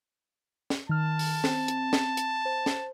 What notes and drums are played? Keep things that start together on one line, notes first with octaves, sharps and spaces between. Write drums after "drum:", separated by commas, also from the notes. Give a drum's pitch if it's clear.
drum: snare
D#3 A5 F6
drum: open hi-hat
C4, drum: snare
drum: hi-hat
drum: snare
drum: hi-hat
C5
drum: snare